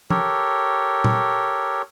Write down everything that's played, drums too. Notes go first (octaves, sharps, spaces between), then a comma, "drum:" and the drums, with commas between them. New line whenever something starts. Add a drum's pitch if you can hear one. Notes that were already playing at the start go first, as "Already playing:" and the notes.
G4 A4 A#4 C#5, drum: tom
drum: tom A#2